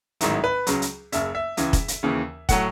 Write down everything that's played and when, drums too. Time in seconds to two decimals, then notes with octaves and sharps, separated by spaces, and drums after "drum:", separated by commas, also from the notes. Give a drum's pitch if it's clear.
0.21 A1 G#2 D#3 F#3 E4, drum: hi-hat
0.44 B4
0.67 C#2 C#3 F#3, drum: hi-hat
0.82 drum: hi-hat
1.12 F#1 F#2 C#3 E5, drum: hi-hat
1.35 E5
1.57 C#2 C#3 E3, drum: hi-hat
1.73 drum: kick, hi-hat
1.88 drum: hi-hat
2.03 D#2 C#3 E3
2.49 A2 F#3 F#5, drum: kick, hi-hat